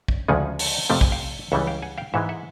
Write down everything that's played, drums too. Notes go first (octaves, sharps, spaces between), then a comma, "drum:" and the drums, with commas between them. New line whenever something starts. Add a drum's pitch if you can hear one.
drum: kick A#1
D2 C#3 F3 G#3 F#5 G#5
drum: open hi-hat
F2 C3 F3 A3 G5
G#5, drum: kick A#1
F5 G5
C#2 C#3 E3 G3 E5 F#5
F5 G5
F#5 G#5
F5 G5
G#2 E3 G#3 E5 F#5
E5 F#5